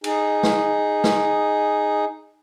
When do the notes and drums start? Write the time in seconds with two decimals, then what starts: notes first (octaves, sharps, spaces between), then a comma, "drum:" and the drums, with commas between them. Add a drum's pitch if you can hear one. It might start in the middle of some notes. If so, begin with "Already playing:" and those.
0.04 D#4 G#4, drum: cymbal
0.43 drum: snare
1.04 drum: snare